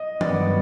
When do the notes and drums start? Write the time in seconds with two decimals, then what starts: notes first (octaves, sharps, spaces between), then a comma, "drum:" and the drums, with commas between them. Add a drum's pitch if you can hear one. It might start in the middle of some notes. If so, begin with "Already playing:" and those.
Already playing: D#5
0.21 G2 D#3 F#3 B3 D5, drum: tom E3